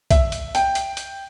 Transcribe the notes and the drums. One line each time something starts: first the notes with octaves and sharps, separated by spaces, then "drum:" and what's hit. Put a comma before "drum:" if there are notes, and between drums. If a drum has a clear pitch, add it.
E5, drum: kick B1, hi-hat
drum: hi-hat
G5, drum: hi-hat
drum: hi-hat
drum: hi-hat